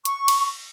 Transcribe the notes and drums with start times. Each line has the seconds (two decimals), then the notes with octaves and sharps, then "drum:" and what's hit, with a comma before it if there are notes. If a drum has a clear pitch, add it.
0.05 C#6, drum: hi-hat
0.28 drum: cymbal